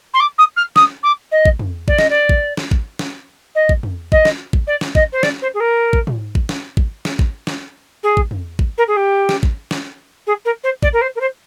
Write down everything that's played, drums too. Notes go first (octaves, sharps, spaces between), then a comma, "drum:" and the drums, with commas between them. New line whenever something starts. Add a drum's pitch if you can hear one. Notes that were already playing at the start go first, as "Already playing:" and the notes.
C6
D6
D#6
F6
D#6, drum: snare
D6
D#5
drum: kick
drum: tom
D5, drum: kick
D#5, drum: snare
D5
drum: kick
drum: snare
drum: kick
drum: snare
D#5
drum: kick
drum: tom
D#5, drum: kick
drum: snare
drum: kick
D5
drum: snare
D#5, drum: kick
C5
D5, drum: snare
C5
G#4
A#4
drum: kick
drum: tom
drum: kick
drum: snare
drum: kick
drum: snare
drum: kick
drum: snare
G#4
drum: kick
drum: tom
drum: kick
A#4
G#4
G4
drum: snare
drum: kick
drum: snare
G#4
A#4
C5
D5, drum: kick
A#4
C5
A#4
C5